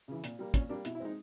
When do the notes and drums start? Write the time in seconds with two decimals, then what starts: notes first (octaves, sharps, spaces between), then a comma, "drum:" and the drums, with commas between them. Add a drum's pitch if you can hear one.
0.08 C#3 E3
0.24 A#2, drum: hi-hat
0.39 G3 A#3
0.54 A#2 C#4, drum: kick, hi-hat
0.69 G3 A#3 D4
0.85 B2 E4, drum: hi-hat
0.95 E4
1.00 G#3 C4 D#4